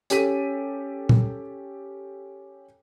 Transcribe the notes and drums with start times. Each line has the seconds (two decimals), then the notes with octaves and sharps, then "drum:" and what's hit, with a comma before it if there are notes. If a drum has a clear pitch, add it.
0.10 C#4 G4 A4 B6 D#7, drum: hi-hat
1.09 drum: tom